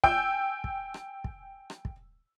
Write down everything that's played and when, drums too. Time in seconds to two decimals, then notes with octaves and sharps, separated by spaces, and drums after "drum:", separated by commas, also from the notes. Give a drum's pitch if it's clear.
0.04 G5 G#5 E6 G6, drum: kick
0.64 drum: kick
0.94 drum: rim click
1.24 drum: kick
1.70 drum: rim click
1.85 drum: kick